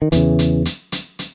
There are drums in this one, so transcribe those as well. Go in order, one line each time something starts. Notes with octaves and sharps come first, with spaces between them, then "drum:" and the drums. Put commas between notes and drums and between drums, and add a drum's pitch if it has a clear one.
D#3
E2 C#3 E3, drum: hi-hat
drum: hi-hat
drum: hi-hat
drum: hi-hat
drum: hi-hat